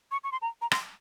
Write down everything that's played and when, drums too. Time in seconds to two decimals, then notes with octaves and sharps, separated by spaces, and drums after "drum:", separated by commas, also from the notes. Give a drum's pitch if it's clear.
0.11 C#6
0.24 C#6
0.32 C6
0.42 A#5
0.62 A#5
0.72 C6, drum: rim click